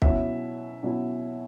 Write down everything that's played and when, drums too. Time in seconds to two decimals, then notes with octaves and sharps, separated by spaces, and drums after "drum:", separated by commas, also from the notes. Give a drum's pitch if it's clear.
0.02 B2 F#3 C#4 E4 E5, drum: kick
0.83 B2 F#3 C#4 E4